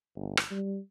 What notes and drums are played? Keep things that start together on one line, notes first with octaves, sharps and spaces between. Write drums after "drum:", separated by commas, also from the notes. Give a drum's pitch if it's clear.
G1
drum: rim click
G3